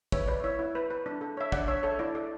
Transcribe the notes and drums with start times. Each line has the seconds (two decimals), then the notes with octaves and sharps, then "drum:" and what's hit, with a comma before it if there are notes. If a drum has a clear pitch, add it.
0.12 B4 C#5 E5, drum: kick
0.28 B4 D5
0.44 E4 C#5 E5
0.59 E4
0.75 B4
0.90 B4
1.06 D4
1.21 A4
1.37 C#5 E5
1.52 D4 D5 F#5, drum: kick
1.68 D4 C#5 E5
1.83 A4 C#5
1.99 E4 D5
2.15 A4 D5